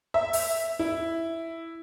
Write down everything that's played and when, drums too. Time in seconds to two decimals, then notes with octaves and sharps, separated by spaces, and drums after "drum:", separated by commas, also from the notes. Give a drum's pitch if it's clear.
0.14 E5
0.33 drum: open hi-hat
0.79 E4